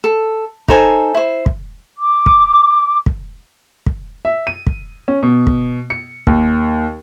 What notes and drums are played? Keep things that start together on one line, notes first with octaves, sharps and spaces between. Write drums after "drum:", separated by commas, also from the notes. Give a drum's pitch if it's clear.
A4
D#4 A4 C5 G#5, drum: kick
E4 C5
drum: kick
D6
drum: kick
drum: kick
drum: kick
E5
D#7
drum: kick
C#4
B2
drum: kick
C#7
D#2, drum: kick